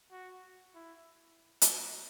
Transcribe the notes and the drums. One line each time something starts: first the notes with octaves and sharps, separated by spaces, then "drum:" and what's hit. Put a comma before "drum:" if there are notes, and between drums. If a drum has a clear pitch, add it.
F#4
E4
drum: hi-hat